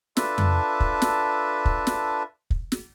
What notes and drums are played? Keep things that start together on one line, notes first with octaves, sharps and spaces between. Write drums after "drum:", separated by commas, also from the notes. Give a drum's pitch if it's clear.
D4 F4 A4 B4 E5 A5, drum: snare
drum: tom F2
drum: kick
drum: snare
drum: kick
drum: snare
drum: kick
drum: snare